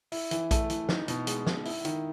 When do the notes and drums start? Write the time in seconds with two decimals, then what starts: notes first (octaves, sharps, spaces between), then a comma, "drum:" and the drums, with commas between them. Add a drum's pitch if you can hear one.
0.12 E4, drum: open hi-hat
0.31 E3, drum: hi-hat
0.51 A3, drum: kick A#1, hi-hat
0.70 E3, drum: hi-hat
0.89 D#4, drum: snare
1.08 B2, drum: hi-hat
1.27 G#3, drum: hi-hat
1.46 B2, drum: snare
1.65 E4, drum: open hi-hat
1.85 D#3, drum: hi-hat